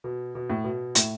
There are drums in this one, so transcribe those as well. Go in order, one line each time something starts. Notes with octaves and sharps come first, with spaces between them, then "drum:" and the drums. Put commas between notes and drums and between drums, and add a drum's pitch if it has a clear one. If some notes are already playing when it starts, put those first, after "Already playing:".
B2
B2
A2
B2
A2, drum: hi-hat